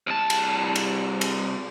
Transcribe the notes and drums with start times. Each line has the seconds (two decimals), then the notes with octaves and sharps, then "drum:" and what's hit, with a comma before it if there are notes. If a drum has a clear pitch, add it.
0.07 C2 A5
0.30 drum: cymbal
0.76 drum: cymbal
1.21 drum: cymbal